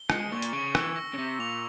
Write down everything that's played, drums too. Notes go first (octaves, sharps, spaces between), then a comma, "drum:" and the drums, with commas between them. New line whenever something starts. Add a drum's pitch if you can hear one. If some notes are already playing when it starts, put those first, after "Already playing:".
Already playing: G7
G#3 C#7, drum: rim click
A#2 C#6
drum: hi-hat
C#3 C#6
E3 E6, drum: rim click
A#6
C#3
C3 A#6
A#2 F7